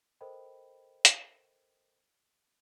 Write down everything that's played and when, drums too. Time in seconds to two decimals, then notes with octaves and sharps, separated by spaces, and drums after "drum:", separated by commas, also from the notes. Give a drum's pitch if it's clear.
0.21 A4 A#4 C5 D#5 G5 B5
1.05 drum: hi-hat